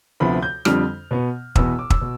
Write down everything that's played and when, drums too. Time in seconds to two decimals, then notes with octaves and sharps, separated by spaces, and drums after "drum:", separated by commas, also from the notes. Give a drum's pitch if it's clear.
0.20 D2 C3 F3 B3 B5
0.42 G6
0.65 F2 D3 G3 C4 F6, drum: rim click
1.11 B2 B3
1.55 E2 B2 B3 E6, drum: kick
1.79 D6
1.90 E6, drum: kick
2.01 B2